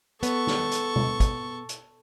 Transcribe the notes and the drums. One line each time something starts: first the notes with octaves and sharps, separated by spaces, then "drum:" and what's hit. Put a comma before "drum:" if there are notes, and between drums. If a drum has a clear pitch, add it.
B3 A4 C#6, drum: hi-hat
drum: snare
drum: hi-hat
drum: tom B2
drum: kick, hi-hat
drum: hi-hat